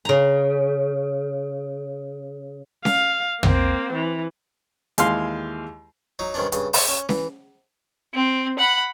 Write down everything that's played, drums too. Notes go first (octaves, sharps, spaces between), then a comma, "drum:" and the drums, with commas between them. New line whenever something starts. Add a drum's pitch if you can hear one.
C#3 A#5
F5, drum: snare C#4
A#3 C4, drum: tom
E3
D#2 E3 G#3 F5 C6, drum: hi-hat
F#3 D#4
G2 C3 D#3 C#4 D4
G2 C#3, drum: hi-hat
C5 D5 F#5 G#5 C#6, drum: open hi-hat
C#4
E3, drum: snare C#4
C4
F#5 B5